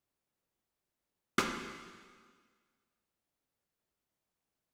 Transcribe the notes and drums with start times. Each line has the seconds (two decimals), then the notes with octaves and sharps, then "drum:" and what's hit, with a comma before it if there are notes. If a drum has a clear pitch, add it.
0.10 G#5
0.22 G4
0.34 G5
0.51 B4
0.66 G5
0.80 D#6
1.38 drum: rim click
1.99 B5
2.71 A#5
3.07 D#6
3.31 C#7
3.51 G#6
3.84 C#5
3.99 C#6
4.25 C#7